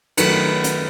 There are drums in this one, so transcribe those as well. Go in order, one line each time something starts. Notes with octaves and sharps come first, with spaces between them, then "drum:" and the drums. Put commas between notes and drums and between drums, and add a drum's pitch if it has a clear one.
F#2 D#3 F#3 A3 B4, drum: cymbal
drum: hi-hat